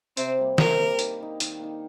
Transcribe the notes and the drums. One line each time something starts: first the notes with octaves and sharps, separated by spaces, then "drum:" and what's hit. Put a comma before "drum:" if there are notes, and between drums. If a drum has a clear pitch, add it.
C3 C4, drum: hi-hat
G3 A#3
C3 A#4, drum: snare
G3 A#3
D#3, drum: hi-hat
A#3 D#4
D#3, drum: hi-hat
A#3 D#4